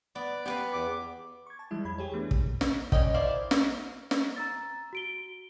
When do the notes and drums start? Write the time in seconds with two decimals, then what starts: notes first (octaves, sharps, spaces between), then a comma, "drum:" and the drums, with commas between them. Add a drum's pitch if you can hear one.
0.15 B3 D5
0.45 B3 G4 B4 F5
0.73 E2 D6
1.47 C#6 G#6
1.59 A5
1.71 E3 G3 G#3 E4
1.85 F2 B5 G#6
1.98 G4 G#4 C#5
2.13 E3 A3 B3 D4
2.31 drum: kick
2.61 drum: snare
2.92 G3 C#4 D#5 G5, drum: kick
3.14 E4 A#4 C5 D5 F5
3.51 drum: snare
4.11 drum: snare
4.36 A#5 E6 A6
4.93 F#4 D7 G7